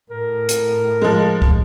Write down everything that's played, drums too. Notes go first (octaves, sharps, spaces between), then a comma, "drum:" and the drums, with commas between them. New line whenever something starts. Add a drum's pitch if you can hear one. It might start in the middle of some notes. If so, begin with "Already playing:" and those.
A2 A#4
drum: hi-hat
F3 G#3
drum: kick